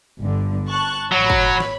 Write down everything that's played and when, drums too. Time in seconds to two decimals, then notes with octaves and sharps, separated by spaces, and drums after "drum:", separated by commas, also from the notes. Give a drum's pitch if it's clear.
0.20 G1 G2 D3
0.68 A5 C#6 F#6
1.12 A1 F#3 C#5 B5
1.30 drum: kick
1.60 drum: snare